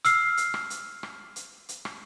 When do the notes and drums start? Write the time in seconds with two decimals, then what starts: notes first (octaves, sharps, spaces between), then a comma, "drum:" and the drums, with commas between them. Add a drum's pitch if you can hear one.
0.05 E6 F6 C7, drum: hi-hat
0.37 drum: hi-hat
0.54 drum: rim click
0.70 drum: hi-hat
1.03 drum: rim click
1.36 drum: hi-hat
1.69 drum: hi-hat
1.85 drum: rim click